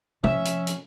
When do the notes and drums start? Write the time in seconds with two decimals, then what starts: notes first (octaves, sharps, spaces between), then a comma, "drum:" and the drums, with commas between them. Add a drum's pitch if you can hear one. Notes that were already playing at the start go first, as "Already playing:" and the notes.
0.24 F3 C#4 E5, drum: tom
0.45 drum: hi-hat
0.67 drum: hi-hat